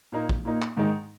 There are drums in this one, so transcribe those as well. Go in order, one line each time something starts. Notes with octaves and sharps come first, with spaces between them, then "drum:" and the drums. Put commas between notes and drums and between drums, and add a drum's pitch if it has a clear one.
A#2 A#3 D#4
drum: kick
A#2 A#3 D#4
drum: clap
G#2 D#3 G#3 D#4